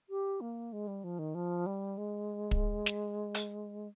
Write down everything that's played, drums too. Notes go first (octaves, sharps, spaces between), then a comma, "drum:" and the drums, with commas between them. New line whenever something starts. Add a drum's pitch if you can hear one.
G4
A#3
G#3
G3
F3
D#3
F3
G3
G#3
drum: kick
drum: snare
drum: hi-hat